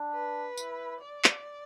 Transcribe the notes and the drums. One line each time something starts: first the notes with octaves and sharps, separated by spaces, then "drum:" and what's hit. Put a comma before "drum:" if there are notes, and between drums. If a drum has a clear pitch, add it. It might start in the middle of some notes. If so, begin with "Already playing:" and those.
Already playing: D4
B4
E4, drum: tambourine
D5
drum: clap